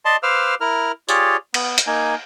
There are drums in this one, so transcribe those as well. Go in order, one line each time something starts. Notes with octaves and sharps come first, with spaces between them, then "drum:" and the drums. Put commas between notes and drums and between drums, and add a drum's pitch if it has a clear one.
D5 D#5 A5 C6
B4 C5 F5 D6 E6 F6
E4 A#4 F6
F4 G4 G#4 C#5 D5, drum: tambourine
B3, drum: cymbal
drum: hi-hat
A#3 D#4 G#5